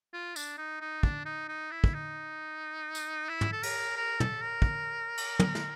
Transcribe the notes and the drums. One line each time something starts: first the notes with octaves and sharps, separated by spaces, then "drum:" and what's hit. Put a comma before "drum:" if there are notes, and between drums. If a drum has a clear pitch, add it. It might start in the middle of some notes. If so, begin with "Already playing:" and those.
F4
D4, drum: tambourine
D#4
D#4
D4, drum: kick
D#4
D#4
E4
drum: kick
D#4
drum: tambourine
E4
drum: tom
A4
A#4, drum: cymbal
A#4
A4, drum: tom
A#4
drum: kick
drum: cymbal
drum: tom
drum: snare